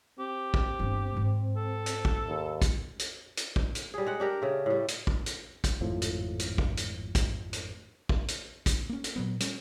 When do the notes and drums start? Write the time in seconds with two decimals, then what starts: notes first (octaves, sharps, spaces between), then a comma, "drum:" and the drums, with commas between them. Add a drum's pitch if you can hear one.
0.19 C4 G4
0.54 drum: kick
0.79 G1 D4
1.17 G#2
1.56 A4
1.86 drum: hi-hat
2.05 drum: kick
2.28 D#2
2.62 drum: kick, hi-hat
2.99 drum: hi-hat
3.37 drum: hi-hat
3.56 drum: kick
3.75 drum: hi-hat
3.94 G3 G#4
4.06 G#3 F#5
4.20 D4 G4 A#4
4.42 C#3 A3
4.66 A2 G3
4.88 drum: hi-hat
5.07 drum: kick
5.26 drum: hi-hat
5.64 drum: kick, hi-hat
5.81 G#1 F2 A2 F3
6.02 drum: hi-hat
6.39 drum: hi-hat
6.58 drum: kick
6.77 drum: hi-hat
7.15 drum: kick, hi-hat
7.53 drum: hi-hat
8.09 drum: kick
8.28 drum: hi-hat
8.66 drum: kick, hi-hat
8.89 A#3 C#4
9.04 drum: hi-hat
9.16 A#2 F#3 B3
9.40 G3 C#4, drum: hi-hat